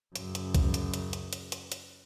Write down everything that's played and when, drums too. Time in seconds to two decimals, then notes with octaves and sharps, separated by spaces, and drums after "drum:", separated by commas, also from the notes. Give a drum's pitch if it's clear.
0.15 F#2 C#3, drum: hi-hat
0.35 drum: hi-hat
0.55 drum: kick, hi-hat
0.74 drum: hi-hat
0.94 drum: hi-hat
1.13 drum: hi-hat
1.33 drum: hi-hat
1.52 drum: hi-hat
1.72 drum: hi-hat